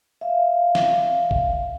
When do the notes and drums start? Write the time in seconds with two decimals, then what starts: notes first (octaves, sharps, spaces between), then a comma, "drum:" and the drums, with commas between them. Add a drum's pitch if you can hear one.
0.21 E5 F5
0.75 drum: snare
1.31 drum: kick